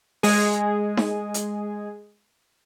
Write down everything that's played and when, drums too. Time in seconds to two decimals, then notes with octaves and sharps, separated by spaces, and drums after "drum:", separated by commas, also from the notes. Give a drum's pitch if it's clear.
0.23 G#3 G#4, drum: open hi-hat
0.97 drum: snare D#4
1.34 drum: hi-hat